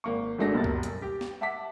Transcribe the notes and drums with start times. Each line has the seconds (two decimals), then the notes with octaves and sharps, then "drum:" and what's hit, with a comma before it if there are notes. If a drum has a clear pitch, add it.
0.04 G#1 A#3 C#6
0.38 G#1 F#3 G#3 A3 D4 A#6
0.54 F#1 F#2 B2 G3 A6
0.64 drum: kick C#2
0.83 drum: hi-hat
1.02 G4
1.21 drum: snare
1.41 E5 F#5 A5 D6 B6